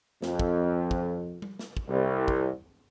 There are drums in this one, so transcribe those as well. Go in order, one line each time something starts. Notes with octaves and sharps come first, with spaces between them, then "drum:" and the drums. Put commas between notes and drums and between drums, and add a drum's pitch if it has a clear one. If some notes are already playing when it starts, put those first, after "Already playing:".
F2, drum: snare
drum: kick
drum: kick
drum: tom G3
drum: snare
drum: kick
C2
drum: kick